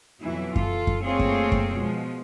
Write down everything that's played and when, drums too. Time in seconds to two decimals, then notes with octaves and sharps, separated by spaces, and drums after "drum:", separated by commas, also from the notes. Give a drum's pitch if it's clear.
0.22 F2 B2 E3 F#3 E4
0.56 F4 A4, drum: kick F#2
0.87 drum: kick F#2
1.03 A3 A#3 C4 F4 G#4 C#5
1.19 drum: kick F#2
1.52 drum: kick F#2
1.76 B2 F3 G#3